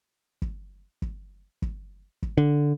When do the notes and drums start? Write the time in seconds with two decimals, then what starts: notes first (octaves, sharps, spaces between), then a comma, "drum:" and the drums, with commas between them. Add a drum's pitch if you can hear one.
0.42 drum: kick
1.02 drum: kick
1.62 drum: kick
2.22 drum: kick
2.38 D3